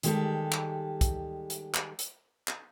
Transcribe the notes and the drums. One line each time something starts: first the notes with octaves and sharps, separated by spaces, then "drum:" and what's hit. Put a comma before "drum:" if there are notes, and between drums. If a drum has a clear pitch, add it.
D#3 G3 G#3 F4 G4 A4, drum: hi-hat
drum: clap
drum: kick, hi-hat
drum: hi-hat
drum: clap
drum: hi-hat
drum: clap